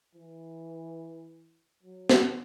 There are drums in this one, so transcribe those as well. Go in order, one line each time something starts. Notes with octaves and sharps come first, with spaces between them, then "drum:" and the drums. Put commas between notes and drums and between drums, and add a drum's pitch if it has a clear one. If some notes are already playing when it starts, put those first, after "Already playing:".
E3
F#3
drum: snare